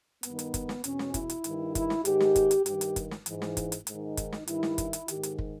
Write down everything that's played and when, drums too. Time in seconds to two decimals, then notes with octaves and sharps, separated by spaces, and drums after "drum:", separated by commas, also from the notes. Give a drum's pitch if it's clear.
0.23 G2 D#3 B3, drum: hi-hat
0.39 drum: hi-hat
0.54 drum: kick, hi-hat
0.69 drum: snare
0.84 E2 B2 C#4, drum: hi-hat
0.99 drum: snare
1.14 E4, drum: kick, hi-hat
1.30 drum: hi-hat
1.44 G2 D#3, drum: hi-hat
1.75 E4, drum: kick, hi-hat
1.90 drum: snare
2.05 G#2 D#3 G4, drum: hi-hat
2.20 drum: snare
2.36 drum: kick, hi-hat
2.51 drum: hi-hat
2.66 G2 D#3 G4, drum: hi-hat
2.81 drum: hi-hat
2.96 drum: kick, hi-hat
3.11 drum: snare
3.26 G#2 E3, drum: hi-hat
3.42 drum: snare
3.57 drum: kick, hi-hat
3.72 drum: hi-hat
3.87 G#2 D#3, drum: hi-hat
4.17 D#4, drum: kick, hi-hat
4.32 drum: snare
4.47 G2 D#3 E4, drum: hi-hat
4.63 drum: snare
4.78 drum: kick, hi-hat
4.93 drum: hi-hat
5.08 G#2 D#3 G4, drum: hi-hat
5.23 drum: hi-hat
5.39 drum: kick